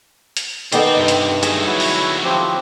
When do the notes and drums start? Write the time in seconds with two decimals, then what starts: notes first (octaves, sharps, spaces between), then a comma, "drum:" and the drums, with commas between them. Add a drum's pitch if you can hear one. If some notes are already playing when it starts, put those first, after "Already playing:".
0.37 drum: hi-hat
0.72 D#3 B3 A4 C5 D5 G5, drum: hi-hat
0.97 G2 C3
1.08 drum: hi-hat
1.43 F#3 A3 G#4, drum: hi-hat
1.67 E4 F#4 C#5
1.80 drum: open hi-hat
2.24 F3 C4 G4